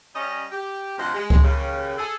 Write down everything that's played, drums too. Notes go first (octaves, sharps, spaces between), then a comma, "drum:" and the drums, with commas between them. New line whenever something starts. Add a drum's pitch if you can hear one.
G3 C#4 D#5
G4
D2 C3 F3 C5 D#5 F#5
G#3
drum: kick C#2
D#2 C#3
G#4 A4